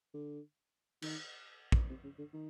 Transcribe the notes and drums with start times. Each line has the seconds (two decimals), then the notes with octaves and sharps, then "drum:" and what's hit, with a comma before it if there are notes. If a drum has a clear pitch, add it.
0.14 D3
1.02 D#3, drum: cymbal
1.72 drum: kick
1.89 C3
2.04 C#3
2.19 D3
2.33 D#3